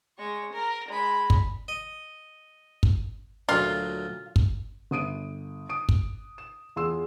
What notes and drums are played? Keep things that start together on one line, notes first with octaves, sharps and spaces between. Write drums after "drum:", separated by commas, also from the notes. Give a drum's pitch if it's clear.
G#3 C#6
A#4
G#3 B5
drum: kick
D#5
drum: kick
D2 A#2 F#3 F4
drum: kick
G1 D#6 D7 D#7
D#6 D7
drum: kick
E7
E2 F4 G#4 C6 E6 E7